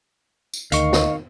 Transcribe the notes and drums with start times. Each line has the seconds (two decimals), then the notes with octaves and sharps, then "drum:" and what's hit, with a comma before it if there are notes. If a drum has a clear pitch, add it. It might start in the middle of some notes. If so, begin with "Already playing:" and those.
0.54 drum: tambourine
0.72 D2 D#3 D#5 F5 C#6, drum: hi-hat
0.93 drum: snare